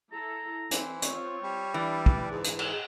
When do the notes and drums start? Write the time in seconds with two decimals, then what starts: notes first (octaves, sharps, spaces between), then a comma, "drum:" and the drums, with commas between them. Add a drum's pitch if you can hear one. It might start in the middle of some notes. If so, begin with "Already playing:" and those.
0.12 E4 A4 A#5
0.71 E3 C4 C5, drum: hi-hat
1.02 C4 F4 C#5, drum: hi-hat
1.43 G3
1.74 E3 D4 D5
2.06 drum: kick
2.31 G#2 G#4
2.44 drum: hi-hat
2.59 drum: cymbal